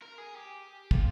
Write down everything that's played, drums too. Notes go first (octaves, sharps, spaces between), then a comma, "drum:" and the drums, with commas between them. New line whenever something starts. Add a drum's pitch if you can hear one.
A#4
G#4
G4
F4, drum: kick